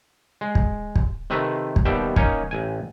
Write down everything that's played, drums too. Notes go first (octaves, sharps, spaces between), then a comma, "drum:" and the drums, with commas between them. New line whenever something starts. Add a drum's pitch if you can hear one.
G#3
drum: kick
drum: kick
C3 D#3 A3 B4 E5
drum: kick
D#2 B2 G3 E5 G5
A#3 C#4 D#4 C#5 D#5 G#5, drum: kick
A1 G#5